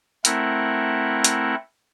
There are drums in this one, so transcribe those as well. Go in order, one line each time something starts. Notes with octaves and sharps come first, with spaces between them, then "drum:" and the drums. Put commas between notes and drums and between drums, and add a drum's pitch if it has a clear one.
A3 C4 E4 A#4 F#5, drum: hi-hat
drum: hi-hat